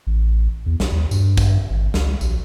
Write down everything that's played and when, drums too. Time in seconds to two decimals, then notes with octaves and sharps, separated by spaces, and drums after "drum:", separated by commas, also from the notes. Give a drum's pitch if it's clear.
0.07 A1
0.66 E2
0.80 B1, drum: snare
0.92 D#2
1.11 G2, drum: tambourine
1.37 drum: kick, tambourine
1.70 G#1
1.94 C#2, drum: snare
2.21 A#1, drum: tambourine